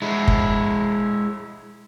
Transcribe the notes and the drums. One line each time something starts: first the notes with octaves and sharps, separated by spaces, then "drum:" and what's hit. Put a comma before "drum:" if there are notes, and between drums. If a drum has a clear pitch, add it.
G#3 E4
drum: kick F#1